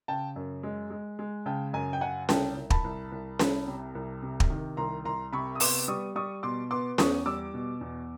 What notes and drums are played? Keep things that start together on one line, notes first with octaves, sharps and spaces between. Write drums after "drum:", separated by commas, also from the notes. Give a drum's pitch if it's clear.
C#3 G5 A5
F#2
G#3
G#3
G#3
C#3 G5 A5
F#2 G#5 A#5
G5
C#3 F#5 G#5
C2 G5 A5, drum: snare C#4
C2
A5 B5, drum: kick
C2
C2
C2, drum: snare C#4
C3
C2
C3
drum: kick
D#3
C2 A#5 C6
C2 A#5 C6
C3 B5 C#6
D#6
B3 C6 D6, drum: open hi-hat
G3 C#6 D#6
G3 C#6 D#6
B2 C6 D6
B3 C6 D6
E2 C#6 D#6, drum: snare C#4
G3 D6 E6
B2
E2